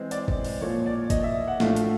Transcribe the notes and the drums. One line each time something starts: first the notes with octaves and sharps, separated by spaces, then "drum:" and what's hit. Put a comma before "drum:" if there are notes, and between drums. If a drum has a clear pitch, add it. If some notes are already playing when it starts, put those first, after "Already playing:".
Already playing: E3 G#3 C4
D5, drum: hi-hat
drum: kick
drum: open hi-hat
A#2 F3 A#3 C#5
D5
D#5, drum: kick, hi-hat
E5
F#5
A2 F3 A3 D4 F5, drum: snare
drum: hi-hat